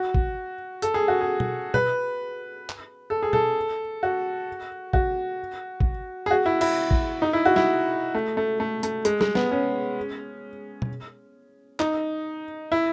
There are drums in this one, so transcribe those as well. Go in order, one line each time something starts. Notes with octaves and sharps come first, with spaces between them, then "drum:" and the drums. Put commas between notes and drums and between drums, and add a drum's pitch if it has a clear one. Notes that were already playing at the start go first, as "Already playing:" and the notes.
Already playing: F#4
drum: kick
A4, drum: hi-hat
G#4
F#4
G#4
drum: tom B2
B4, drum: tom B2
drum: clap
A4
G#4
A4, drum: tom B2
F#4
F#4, drum: kick
drum: kick
G#4
F#4
E4
E4, drum: cymbal
drum: kick
D#4
E4
F#4
E4, drum: snare
A3
A3
A3
A3, drum: hi-hat
G#3, drum: hi-hat
G#3, drum: snare
B3, drum: snare
C#4
drum: tom B2
D#4, drum: clap
E4